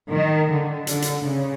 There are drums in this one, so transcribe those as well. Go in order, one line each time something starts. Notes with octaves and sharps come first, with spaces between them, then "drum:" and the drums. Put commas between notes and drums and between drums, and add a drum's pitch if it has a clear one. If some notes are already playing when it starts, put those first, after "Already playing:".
D#3
D3
D3, drum: hi-hat
drum: hi-hat
C#3